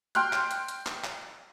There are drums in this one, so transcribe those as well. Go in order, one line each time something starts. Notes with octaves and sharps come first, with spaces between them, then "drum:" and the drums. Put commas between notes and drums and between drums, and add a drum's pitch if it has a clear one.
G5 C6 F6 F#6, drum: hi-hat
drum: clap
drum: hi-hat
drum: hi-hat
drum: clap
drum: clap